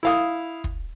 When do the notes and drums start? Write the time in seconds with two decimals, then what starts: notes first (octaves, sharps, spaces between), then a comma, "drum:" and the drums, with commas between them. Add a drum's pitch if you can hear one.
0.03 E4 F5 D#6
0.64 drum: kick